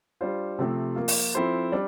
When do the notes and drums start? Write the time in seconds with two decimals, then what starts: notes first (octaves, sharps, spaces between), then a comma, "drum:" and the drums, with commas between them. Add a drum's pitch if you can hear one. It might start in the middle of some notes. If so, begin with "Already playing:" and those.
0.21 G3 D4 F4 C5
0.59 C3 F3 A3 C4 G4
0.96 F3 A#3 F4
1.08 drum: open hi-hat
1.35 F3 C4 E4 A4 C5
1.72 G3 D4